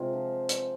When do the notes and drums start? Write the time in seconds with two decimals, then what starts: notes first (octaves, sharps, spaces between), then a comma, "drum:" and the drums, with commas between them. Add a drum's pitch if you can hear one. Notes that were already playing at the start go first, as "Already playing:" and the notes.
Already playing: C3 G#3 C4 F4 G#4
0.13 F3
0.49 drum: hi-hat